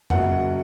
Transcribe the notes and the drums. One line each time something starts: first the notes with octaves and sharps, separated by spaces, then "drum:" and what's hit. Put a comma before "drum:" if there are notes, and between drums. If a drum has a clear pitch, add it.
F#1 F#2 F#3 F#5, drum: tom F2